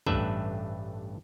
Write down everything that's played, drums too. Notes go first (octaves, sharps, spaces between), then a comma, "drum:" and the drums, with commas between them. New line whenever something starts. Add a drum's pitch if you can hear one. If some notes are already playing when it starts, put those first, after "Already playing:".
A1 G2 A3 D4 B4 E5, drum: kick